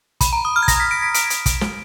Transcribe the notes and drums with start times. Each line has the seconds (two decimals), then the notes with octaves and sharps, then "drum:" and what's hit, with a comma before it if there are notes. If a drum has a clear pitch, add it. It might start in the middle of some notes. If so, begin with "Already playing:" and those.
0.21 B5, drum: kick, hi-hat
0.33 A#5
0.45 D#6
0.56 F6
0.63 G#6
0.68 A#6, drum: kick, hi-hat
0.80 B6
0.91 D7
1.02 B6
1.14 D7, drum: hi-hat
1.30 drum: hi-hat
1.46 drum: kick, hi-hat
1.61 drum: snare